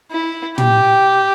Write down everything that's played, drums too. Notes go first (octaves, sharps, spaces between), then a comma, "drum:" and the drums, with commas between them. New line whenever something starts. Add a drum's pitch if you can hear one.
E4
G4, drum: tom